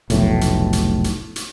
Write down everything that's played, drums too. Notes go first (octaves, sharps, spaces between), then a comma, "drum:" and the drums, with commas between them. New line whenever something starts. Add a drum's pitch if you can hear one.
F1 B1 A2, drum: hi-hat
drum: hi-hat
drum: hi-hat
drum: hi-hat
drum: hi-hat